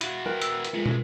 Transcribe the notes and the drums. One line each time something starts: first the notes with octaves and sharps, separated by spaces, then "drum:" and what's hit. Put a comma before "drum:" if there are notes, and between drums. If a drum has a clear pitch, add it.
E4 F#4 D#7, drum: hi-hat
A#4 B4 G5
E6, drum: hi-hat
drum: hi-hat
G#3 A3 F4
drum: tom